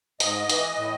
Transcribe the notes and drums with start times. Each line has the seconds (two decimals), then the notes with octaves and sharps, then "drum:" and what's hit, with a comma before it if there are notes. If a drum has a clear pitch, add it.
0.20 G#2 D#5, drum: hi-hat
0.49 E3, drum: hi-hat
0.77 A2